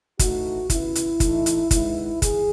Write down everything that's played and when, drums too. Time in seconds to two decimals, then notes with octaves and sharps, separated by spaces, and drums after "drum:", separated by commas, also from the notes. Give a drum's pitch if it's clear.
0.19 A2 E3 A3 D#4 F#4, drum: kick, hi-hat
0.70 C#3 E3 B3 E4, drum: kick, hi-hat
0.95 drum: hi-hat
1.20 A2 E3 A3 D#4, drum: kick, hi-hat
1.46 drum: hi-hat
1.71 D#3 G#3 B3 D#4 E4, drum: kick, hi-hat
2.22 E3 G#4, drum: kick, hi-hat